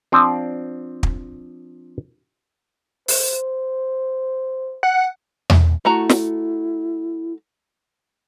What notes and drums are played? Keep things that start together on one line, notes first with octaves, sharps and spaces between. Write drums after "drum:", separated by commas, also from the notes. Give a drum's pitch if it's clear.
F3 C4 D4
drum: kick
C5, drum: open hi-hat
F#5
drum: tom E2
A3 E4 F#4 A#5
drum: snare